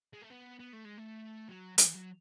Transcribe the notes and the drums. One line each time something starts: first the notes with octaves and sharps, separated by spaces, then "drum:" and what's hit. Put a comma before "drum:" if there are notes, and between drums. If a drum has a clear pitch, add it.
G#3
A3
B3
B3
A3
G#3
A3
F#3
F#3, drum: hi-hat
E3
F#3